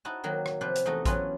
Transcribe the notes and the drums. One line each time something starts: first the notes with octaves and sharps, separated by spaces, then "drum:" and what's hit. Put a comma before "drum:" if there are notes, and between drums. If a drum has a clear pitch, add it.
D#4 E4 F#4 A5
D#3 F#3 A#3
drum: rim click
C3 F3 B4 D5
drum: hi-hat
E2 A3 D#4 F#4 D#5
E3 F#3 B3 C#4 E4 F4, drum: kick A1, hi-hat